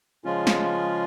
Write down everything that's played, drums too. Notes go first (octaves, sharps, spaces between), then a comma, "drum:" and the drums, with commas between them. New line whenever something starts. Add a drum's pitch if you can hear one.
C#3 F3 G#3 C#4 F4
drum: snare